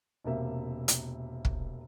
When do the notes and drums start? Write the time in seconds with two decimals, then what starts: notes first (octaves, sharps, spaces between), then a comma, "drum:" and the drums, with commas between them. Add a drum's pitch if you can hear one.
0.24 E1 C3 A#3 E5
0.88 drum: hi-hat
1.45 drum: kick